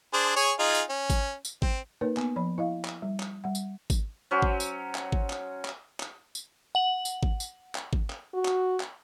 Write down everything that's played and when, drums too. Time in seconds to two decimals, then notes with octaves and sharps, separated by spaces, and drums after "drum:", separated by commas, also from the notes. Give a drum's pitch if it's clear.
0.13 D4 G#4 C5
0.36 G#4 C#5 G#5
0.59 D#4 F4 G#4
0.75 drum: tambourine
0.89 C#4
1.10 drum: kick G#1, tambourine
1.45 drum: tambourine
1.62 C4, drum: kick G#1
2.01 A#3 D#4 A#4 B4 C#5
2.17 B3, drum: clap
2.36 F3 C#5 B5
2.58 E4 D#5 F5
2.85 drum: clap
3.02 G3
3.20 drum: clap
3.44 G3 F#5
3.55 drum: tambourine
3.90 drum: kick G#1, tambourine
4.31 F#3 C#4 C5
4.42 drum: kick G#1
4.60 drum: tambourine
4.95 drum: clap
5.12 drum: kick G#1
5.30 drum: clap
5.65 drum: clap
6.00 drum: clap
6.35 drum: tambourine
6.75 F#5 F#7
7.05 drum: tambourine
7.23 drum: kick G#1
7.40 drum: tambourine
7.75 drum: clap
7.93 drum: kick G#1
8.10 drum: clap
8.34 F#4
8.45 drum: clap
8.80 drum: clap